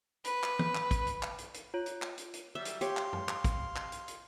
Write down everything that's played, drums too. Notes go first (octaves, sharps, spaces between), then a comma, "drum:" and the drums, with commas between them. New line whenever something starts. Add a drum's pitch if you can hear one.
B4, drum: hi-hat
drum: clap
drum: tom E3
drum: clap
drum: kick, hi-hat
drum: hi-hat
drum: clap
drum: hi-hat
drum: hi-hat
F4 C#5
drum: hi-hat
drum: clap
drum: hi-hat
drum: hi-hat
F#3 G3 E5
drum: hi-hat
G4 C#5 F5 C6, drum: hi-hat
drum: clap
drum: tom F#2
drum: clap
drum: kick, hi-hat
drum: clap
drum: hi-hat
drum: hi-hat